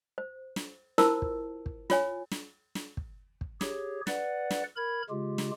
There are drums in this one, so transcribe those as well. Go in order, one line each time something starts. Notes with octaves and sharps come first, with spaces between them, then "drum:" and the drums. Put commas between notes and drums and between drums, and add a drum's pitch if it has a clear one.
C5
drum: snare
E4 F4 A#4 C5 A5 E6, drum: snare
drum: kick
drum: kick
F4 C#5 G#5, drum: snare
drum: snare
drum: snare
drum: kick
drum: kick
G4 G#4 C#5, drum: snare
B4 D5 F#5, drum: snare
drum: snare
A#4 B5 G#6
C#3 G#3 F4 G4
drum: snare